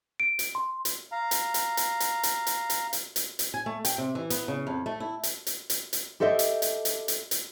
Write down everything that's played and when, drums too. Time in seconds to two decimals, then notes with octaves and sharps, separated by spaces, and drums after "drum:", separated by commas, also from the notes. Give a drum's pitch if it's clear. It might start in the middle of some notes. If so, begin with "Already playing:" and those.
0.20 D7
0.39 drum: hi-hat
0.55 C6
0.85 drum: hi-hat
1.12 F5 A#5
1.31 drum: hi-hat
1.54 drum: hi-hat
1.77 drum: hi-hat
2.00 drum: hi-hat
2.23 drum: hi-hat
2.47 drum: hi-hat
2.70 drum: hi-hat
2.93 drum: hi-hat
3.16 drum: hi-hat
3.39 drum: hi-hat
3.54 G#5
3.66 A3
3.85 G5, drum: hi-hat
3.98 C3
4.15 E3
4.30 B3, drum: hi-hat
4.48 C#3
4.67 F2
4.86 A3
5.00 E4
5.23 drum: hi-hat
5.47 drum: hi-hat
5.70 drum: hi-hat
5.93 drum: hi-hat
6.20 G4 A4 C5 D#5 E5
6.39 drum: hi-hat
6.62 drum: hi-hat
6.85 drum: hi-hat
7.08 drum: hi-hat
7.31 drum: hi-hat